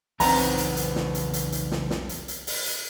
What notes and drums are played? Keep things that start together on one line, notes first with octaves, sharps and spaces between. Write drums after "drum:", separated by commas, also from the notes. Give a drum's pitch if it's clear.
B1 E2 C#3 B3 C4 D#4 C#5 A#5, drum: open hi-hat
drum: hi-hat
drum: hi-hat
drum: hi-hat
drum: snare
drum: hi-hat
drum: hi-hat
drum: hi-hat
drum: snare
drum: snare
drum: hi-hat
drum: hi-hat
drum: open hi-hat
drum: hi-hat